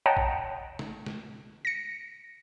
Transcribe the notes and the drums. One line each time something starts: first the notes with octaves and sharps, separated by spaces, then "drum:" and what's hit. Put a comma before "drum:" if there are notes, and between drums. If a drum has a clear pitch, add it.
C#5 D#5 F#5 G5 A5 A#5
drum: kick
drum: snare
drum: snare
A#6 C#7